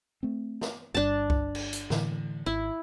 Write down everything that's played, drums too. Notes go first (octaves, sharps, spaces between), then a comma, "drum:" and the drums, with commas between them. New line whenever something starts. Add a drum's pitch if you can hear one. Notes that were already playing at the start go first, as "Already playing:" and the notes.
A3 C4
drum: snare
G1 G2 D4 A5
drum: kick C2
drum: cymbal
drum: hi-hat
A2 D3 E3, drum: snare
G#1 E4